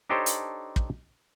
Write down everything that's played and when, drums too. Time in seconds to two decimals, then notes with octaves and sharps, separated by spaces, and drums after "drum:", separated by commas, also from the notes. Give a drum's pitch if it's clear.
0.09 D4 D#4 G4 A4 C5 C#5
0.26 drum: hi-hat
0.76 drum: kick